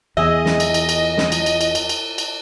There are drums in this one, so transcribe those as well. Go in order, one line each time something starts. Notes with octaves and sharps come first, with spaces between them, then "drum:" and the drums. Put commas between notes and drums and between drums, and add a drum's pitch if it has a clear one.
E2 G#4 D#5 E5
drum: snare
drum: cymbal
drum: cymbal
drum: cymbal
drum: snare
drum: cymbal
drum: cymbal
drum: cymbal
drum: cymbal
drum: cymbal
drum: cymbal